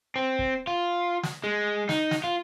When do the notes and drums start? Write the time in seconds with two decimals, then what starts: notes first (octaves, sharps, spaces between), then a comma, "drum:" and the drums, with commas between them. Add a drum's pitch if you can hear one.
0.16 C4
0.39 drum: kick
0.67 F4
1.23 drum: snare
1.44 G#3
1.89 D#4, drum: snare
2.11 drum: snare
2.24 F4